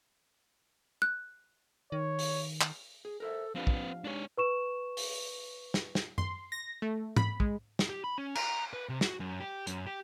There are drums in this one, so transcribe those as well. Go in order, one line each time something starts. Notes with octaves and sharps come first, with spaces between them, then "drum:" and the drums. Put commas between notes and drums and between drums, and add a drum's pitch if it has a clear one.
F#6
D#3 C#5
drum: open hi-hat
drum: clap
G#4
A4 A#4 C5 E5
F3 C4 D4 G4 B4 F5
drum: kick
G#3 D4 D#4 G4 C#5
B4 C#6 E7
drum: open hi-hat
drum: snare
drum: snare
C6, drum: tom F#2
A#6
A3
B5, drum: tom G#2
G#3, drum: kick
drum: snare
G4
B5
C#4
A#5, drum: cymbal
B4
C3
F#4, drum: snare
F#2
G4
F#2, drum: hi-hat
G4